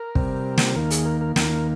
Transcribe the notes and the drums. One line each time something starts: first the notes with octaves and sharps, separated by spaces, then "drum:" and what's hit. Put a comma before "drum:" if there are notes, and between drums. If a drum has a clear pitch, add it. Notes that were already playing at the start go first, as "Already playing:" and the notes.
Already playing: A#4
C3 G3 C4, drum: kick
drum: snare
D#2 D#3 A#3 A#4
G#4, drum: hi-hat
A#4
A#4
D#2 D#3 A#3 A#4, drum: snare